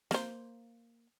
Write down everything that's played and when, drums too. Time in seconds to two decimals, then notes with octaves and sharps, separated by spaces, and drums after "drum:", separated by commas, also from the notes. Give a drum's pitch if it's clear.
0.11 A#3 C5, drum: snare